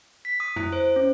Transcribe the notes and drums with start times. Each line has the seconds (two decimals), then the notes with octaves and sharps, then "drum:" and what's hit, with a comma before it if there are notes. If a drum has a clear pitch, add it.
0.25 B6
0.40 D#6
0.56 E4, drum: tom F2
0.72 C5
0.96 C#4